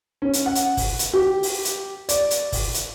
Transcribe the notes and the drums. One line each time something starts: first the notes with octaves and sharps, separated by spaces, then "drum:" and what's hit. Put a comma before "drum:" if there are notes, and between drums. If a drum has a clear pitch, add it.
C#4
drum: hi-hat
F#5
drum: hi-hat
drum: kick, open hi-hat
drum: hi-hat
G4
drum: open hi-hat
drum: hi-hat
D5, drum: hi-hat
drum: hi-hat
drum: kick, open hi-hat
drum: hi-hat